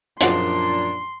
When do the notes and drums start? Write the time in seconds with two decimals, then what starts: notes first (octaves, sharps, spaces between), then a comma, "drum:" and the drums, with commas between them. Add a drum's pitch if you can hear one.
0.21 F#2 A#2 F3 G#3 C4 D4 F#5 C6, drum: hi-hat